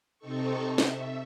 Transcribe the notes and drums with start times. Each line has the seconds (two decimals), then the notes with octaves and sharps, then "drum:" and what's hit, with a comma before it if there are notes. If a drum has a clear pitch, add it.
0.19 C3 C4 D#4 A4 C#6
0.78 E5, drum: snare